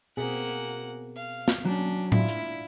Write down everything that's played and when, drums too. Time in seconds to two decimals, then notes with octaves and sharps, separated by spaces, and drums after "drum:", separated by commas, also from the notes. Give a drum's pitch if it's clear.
0.17 B2 A#3 C4 G#4 F#5
1.17 F5
1.48 drum: snare
1.65 F#3 C#4 D4
2.12 D4 E4 F4, drum: tom A2
2.29 drum: hi-hat